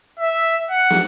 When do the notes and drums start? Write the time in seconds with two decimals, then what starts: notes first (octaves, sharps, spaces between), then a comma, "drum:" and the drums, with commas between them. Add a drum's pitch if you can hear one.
0.19 E5
0.70 F#5
0.90 drum: snare